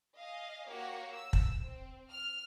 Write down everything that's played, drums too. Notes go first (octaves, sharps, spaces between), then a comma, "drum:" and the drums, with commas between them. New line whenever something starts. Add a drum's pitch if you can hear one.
D#5 F5 G#5
A#3 F#4 G4 C#5 F#5
E6
drum: kick
C4
F6